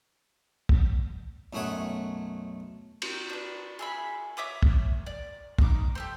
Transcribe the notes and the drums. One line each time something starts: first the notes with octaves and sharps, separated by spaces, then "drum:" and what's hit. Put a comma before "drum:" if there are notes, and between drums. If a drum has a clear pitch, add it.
drum: kick
B1 F#2 A3 G#4 C#5 F#5
drum: cymbal
D4 B4
G#4 E5 B5
C#5 E5 D6 D#6
drum: kick
D5
D#4 D6, drum: kick
G4 A4 C5